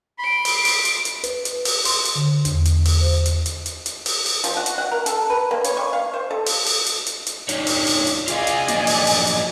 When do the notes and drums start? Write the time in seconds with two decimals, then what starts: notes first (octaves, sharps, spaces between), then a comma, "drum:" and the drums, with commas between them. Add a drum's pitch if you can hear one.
0.19 B5 C6 D7
0.45 drum: open hi-hat
0.65 drum: open hi-hat
0.85 drum: hi-hat
1.05 drum: hi-hat
1.24 B4, drum: hi-hat
1.45 drum: hi-hat
1.65 drum: open hi-hat
1.85 C6, drum: open hi-hat
2.05 drum: hi-hat
2.15 D3
2.45 E2, drum: hi-hat
2.65 drum: hi-hat
2.85 drum: open hi-hat
3.01 C5
3.26 drum: hi-hat
3.46 drum: hi-hat
3.66 drum: hi-hat
3.86 drum: hi-hat
4.06 drum: open hi-hat
4.26 drum: open hi-hat
4.44 F3, drum: hi-hat
4.57 F#4
4.66 drum: hi-hat
4.78 F#5
4.91 A#4
5.06 A4, drum: hi-hat
5.30 B4
5.51 A#3
5.64 C#5, drum: hi-hat
5.77 C#6
5.93 F5
6.14 C5
6.31 A4
6.46 drum: open hi-hat
6.66 drum: open hi-hat
6.86 drum: hi-hat
7.06 drum: hi-hat
7.27 drum: hi-hat
7.49 D4 D#4 C#5, drum: hi-hat
7.67 drum: open hi-hat
7.87 drum: open hi-hat
8.07 drum: hi-hat
8.28 F4 G#4 D5 D#5 F5 G#5, drum: hi-hat
8.47 drum: hi-hat
8.68 F#3 A#3 D4, drum: hi-hat
8.87 drum: open hi-hat
9.07 drum: open hi-hat
9.27 drum: hi-hat